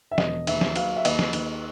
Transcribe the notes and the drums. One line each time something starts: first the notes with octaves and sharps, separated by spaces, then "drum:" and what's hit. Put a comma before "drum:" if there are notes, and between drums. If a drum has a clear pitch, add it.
E5
E1 D#5, drum: snare
D#2 E5, drum: cymbal
drum: snare
F#3 F5, drum: cymbal
E5
D#2 D#5, drum: cymbal
drum: snare
D#2, drum: cymbal